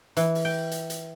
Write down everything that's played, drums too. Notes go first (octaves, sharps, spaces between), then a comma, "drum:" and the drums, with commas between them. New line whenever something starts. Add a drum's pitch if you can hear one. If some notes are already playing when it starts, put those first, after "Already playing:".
E3, drum: hi-hat
drum: open hi-hat
G5
drum: hi-hat
drum: hi-hat